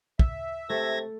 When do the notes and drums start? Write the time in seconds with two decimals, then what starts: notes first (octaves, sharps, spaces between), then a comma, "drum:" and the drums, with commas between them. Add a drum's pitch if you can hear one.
0.19 E5, drum: kick
0.69 C3 A3 A4 G#6 A#6